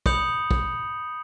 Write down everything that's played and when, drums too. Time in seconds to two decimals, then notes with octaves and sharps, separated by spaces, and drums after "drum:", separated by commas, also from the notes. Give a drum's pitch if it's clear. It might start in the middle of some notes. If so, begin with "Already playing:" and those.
0.06 B5 D#6 G6 C#7 F7 F#7, drum: kick
0.51 drum: kick